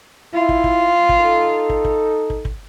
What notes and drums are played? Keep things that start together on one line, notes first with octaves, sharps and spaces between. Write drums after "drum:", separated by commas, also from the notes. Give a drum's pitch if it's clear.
E4 F4
drum: kick
drum: kick
drum: kick
D#4 A4
drum: kick
drum: kick
drum: kick
drum: kick